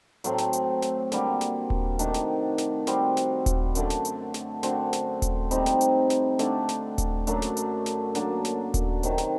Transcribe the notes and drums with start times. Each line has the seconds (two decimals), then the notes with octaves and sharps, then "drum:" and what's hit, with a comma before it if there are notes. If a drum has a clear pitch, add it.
0.24 A2 F#3 A3 C4, drum: hi-hat
0.38 drum: snare
0.53 drum: hi-hat
0.82 drum: snare
1.12 D3 G3 A#3 F#4, drum: snare
1.41 drum: snare
1.70 drum: kick D#1
1.99 C3 D#3 A3 D4, drum: hi-hat
2.14 drum: snare
2.58 drum: snare
2.87 G3 C4 F#4, drum: snare
3.17 drum: snare
3.46 drum: kick D#1, hi-hat
3.75 F#2 D3 A3, drum: hi-hat
3.90 drum: snare
4.05 drum: hi-hat
4.34 drum: snare
4.63 D3 A3 C4 F#4, drum: snare
4.93 drum: snare
5.22 drum: kick D#1, hi-hat
5.51 C3 G3 C4 D#4, drum: hi-hat
5.66 drum: snare
5.81 drum: hi-hat
6.10 drum: snare
6.39 D3 A3 D4, drum: snare
6.69 drum: snare
6.98 drum: kick D#1, hi-hat
7.27 F#2 F#3 A3 D4, drum: hi-hat
7.42 drum: snare
7.57 drum: hi-hat
7.86 drum: snare
8.15 D3 F#3 A#3 D4, drum: snare
8.45 drum: snare
8.74 drum: kick D#1, hi-hat
9.03 C3 D#3 F#3, drum: hi-hat
9.18 drum: snare